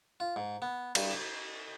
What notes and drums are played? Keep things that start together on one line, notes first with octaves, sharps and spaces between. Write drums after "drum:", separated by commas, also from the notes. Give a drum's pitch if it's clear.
F4
G#2
B3
G2, drum: cymbal
D6